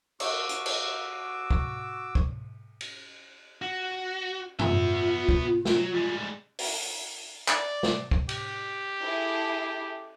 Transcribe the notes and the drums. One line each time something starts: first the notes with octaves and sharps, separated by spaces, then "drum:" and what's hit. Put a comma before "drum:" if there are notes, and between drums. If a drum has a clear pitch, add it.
F#4 D6 E6, drum: cymbal
drum: hi-hat
drum: cymbal
drum: kick
drum: kick
drum: cymbal
F#4
B3 F4 E5, drum: tom F#2
drum: kick
drum: snare
F#3
G3 G#3
drum: open hi-hat
D5, drum: clap
drum: snare
drum: kick
G4, drum: cymbal
E4 G#4 A4